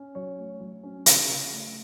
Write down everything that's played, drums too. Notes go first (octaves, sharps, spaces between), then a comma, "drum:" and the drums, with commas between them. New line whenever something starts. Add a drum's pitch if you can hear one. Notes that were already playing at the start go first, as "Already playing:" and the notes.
Already playing: C#4
F#3 C#5
A3
F#3
C#4
C#3, drum: hi-hat
C#3
A3